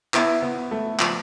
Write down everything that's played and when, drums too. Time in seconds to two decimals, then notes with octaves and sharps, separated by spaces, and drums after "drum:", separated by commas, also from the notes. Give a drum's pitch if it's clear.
0.14 B3 E4, drum: clap
0.42 B3
0.71 A3
0.99 F3, drum: clap